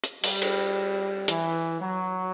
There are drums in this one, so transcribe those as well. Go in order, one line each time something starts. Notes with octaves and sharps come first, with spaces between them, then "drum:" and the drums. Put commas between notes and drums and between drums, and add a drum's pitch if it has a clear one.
drum: hi-hat
G3, drum: open hi-hat
drum: cymbal
E3, drum: hi-hat
F#3